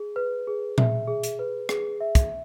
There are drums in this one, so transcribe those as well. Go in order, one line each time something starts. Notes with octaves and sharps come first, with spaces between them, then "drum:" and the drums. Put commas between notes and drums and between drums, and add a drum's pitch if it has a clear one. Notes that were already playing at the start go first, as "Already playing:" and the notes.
Already playing: G#4
B4
G#4
E5, drum: tom A#2
G#4
drum: hi-hat
B4
G#4, drum: rim click
E5
drum: kick, hi-hat